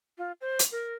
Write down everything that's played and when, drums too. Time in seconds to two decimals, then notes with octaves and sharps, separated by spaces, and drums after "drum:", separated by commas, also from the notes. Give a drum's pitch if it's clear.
0.18 F4
0.41 C5
0.59 drum: hi-hat
0.72 A#4